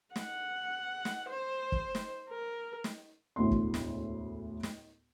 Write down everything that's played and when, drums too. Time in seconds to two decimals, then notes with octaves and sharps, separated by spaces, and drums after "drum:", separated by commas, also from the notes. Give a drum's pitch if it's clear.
0.16 F#5, drum: snare
1.05 drum: snare
1.30 C5
1.72 drum: kick
1.95 drum: snare
2.29 A#4
2.84 drum: snare
3.36 E1 D2 A2 E5 C6
3.51 drum: kick
3.74 drum: snare
4.63 drum: snare